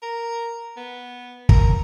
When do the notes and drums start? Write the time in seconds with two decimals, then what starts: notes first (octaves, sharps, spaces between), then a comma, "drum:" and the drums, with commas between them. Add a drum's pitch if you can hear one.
0.02 A#4
0.77 B3
1.49 A#4, drum: kick